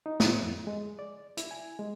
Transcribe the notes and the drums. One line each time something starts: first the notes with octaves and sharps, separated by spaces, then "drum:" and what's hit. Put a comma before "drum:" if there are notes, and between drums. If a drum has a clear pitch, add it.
D#4
A2, drum: snare
F2
G#3
D5
E4, drum: hi-hat
G#5
G#3